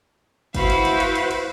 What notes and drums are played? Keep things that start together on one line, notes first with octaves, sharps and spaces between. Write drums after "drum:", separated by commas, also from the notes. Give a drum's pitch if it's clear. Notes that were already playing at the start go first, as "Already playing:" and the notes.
E4 F#4 B4 C5 F5 B5, drum: kick G1, cymbal
drum: cymbal
drum: cymbal
drum: cymbal
drum: cymbal
drum: cymbal